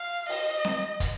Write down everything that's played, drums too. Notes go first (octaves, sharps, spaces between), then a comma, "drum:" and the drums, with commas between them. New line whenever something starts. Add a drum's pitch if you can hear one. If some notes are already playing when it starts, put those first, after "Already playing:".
Already playing: F5
D#5, drum: open hi-hat
drum: snare C4
drum: kick, hi-hat